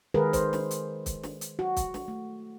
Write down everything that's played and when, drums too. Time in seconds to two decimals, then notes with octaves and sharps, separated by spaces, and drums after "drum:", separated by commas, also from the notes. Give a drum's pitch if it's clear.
0.14 D#3 G#3 G#4 A#4 B4
0.33 C5, drum: kick, hi-hat
0.53 drum: snare
0.71 drum: hi-hat
1.06 drum: kick, hi-hat
1.24 drum: snare
1.41 drum: hi-hat
1.59 F#4
1.76 drum: kick, hi-hat
1.94 drum: snare
2.08 A3